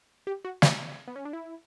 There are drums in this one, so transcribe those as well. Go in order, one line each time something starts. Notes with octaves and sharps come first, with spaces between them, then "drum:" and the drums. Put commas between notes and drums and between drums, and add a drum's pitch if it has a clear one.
G4
F#4
drum: snare
B3
C#4
D4
E4